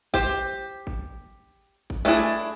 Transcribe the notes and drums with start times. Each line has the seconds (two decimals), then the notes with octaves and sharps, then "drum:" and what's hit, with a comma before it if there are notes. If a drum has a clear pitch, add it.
0.14 G4 C5, drum: kick G#1
0.87 drum: kick G#1
1.90 drum: kick G#1
2.05 A3 C#4 D4 E4 G#4